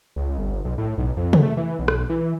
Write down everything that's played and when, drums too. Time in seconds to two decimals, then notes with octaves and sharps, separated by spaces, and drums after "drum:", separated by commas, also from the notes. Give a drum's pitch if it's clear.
0.16 C#2
0.38 G1
0.65 B1
0.78 A2
0.98 B1
1.17 F2
1.33 drum: tom
1.42 A3
1.57 E3
1.79 B1
1.88 drum: rim click
2.09 E3